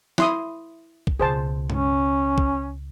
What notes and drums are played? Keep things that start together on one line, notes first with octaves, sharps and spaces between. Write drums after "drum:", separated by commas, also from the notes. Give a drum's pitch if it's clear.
E4 C6 D#6, drum: snare
drum: kick
C#2 B2 G#4 C5 A5
C#4, drum: tom G2
drum: kick